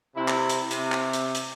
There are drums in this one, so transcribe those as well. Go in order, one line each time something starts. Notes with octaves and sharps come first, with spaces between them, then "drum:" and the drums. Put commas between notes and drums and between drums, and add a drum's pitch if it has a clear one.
C3 E4
drum: clap
drum: hi-hat
C3, drum: hi-hat
drum: clap
drum: hi-hat
drum: hi-hat